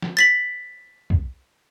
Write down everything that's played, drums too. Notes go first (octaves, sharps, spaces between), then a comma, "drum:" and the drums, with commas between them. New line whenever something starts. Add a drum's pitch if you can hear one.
drum: snare
A6 B6 F#7
drum: kick C2